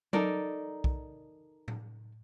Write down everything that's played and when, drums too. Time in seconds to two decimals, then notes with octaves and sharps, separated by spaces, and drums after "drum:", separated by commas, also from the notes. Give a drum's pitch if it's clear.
0.13 D#4 A4 A#4 D5, drum: tom F#3
0.84 drum: kick B1
1.68 drum: tom A2